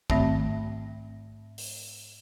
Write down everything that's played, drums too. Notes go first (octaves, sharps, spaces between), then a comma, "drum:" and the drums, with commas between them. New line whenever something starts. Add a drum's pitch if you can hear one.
G#2 D#3 A3 C4 E5 A#6, drum: kick
drum: open hi-hat